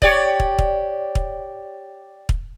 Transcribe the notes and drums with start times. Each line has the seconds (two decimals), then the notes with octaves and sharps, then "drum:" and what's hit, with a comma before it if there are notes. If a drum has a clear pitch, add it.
0.02 G4 C#5 D5, drum: kick
0.40 drum: kick
0.59 drum: kick
1.15 drum: kick
2.29 drum: kick